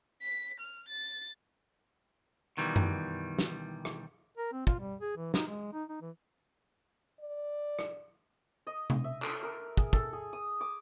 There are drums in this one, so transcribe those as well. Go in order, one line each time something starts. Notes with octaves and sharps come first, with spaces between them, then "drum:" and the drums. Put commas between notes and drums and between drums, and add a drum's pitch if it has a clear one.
B6
F6
A6
B2 D#3 E3 G3
drum: tom F#2
drum: snare
drum: rim click
A#4
C4
F4, drum: kick
G3
G#4
E3
D#4, drum: snare
G#3
D#4
D#4
E3
D5
drum: rim click
D#5
drum: tom C3
E5
A4, drum: clap
A#4
G#4, drum: kick
A4, drum: kick
G#4
D#6
D6